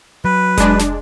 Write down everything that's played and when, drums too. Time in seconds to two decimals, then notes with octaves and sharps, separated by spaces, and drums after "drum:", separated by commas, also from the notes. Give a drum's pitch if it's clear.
0.25 F#3 B4
0.57 G#3 D4, drum: kick F1, hi-hat
0.79 drum: snare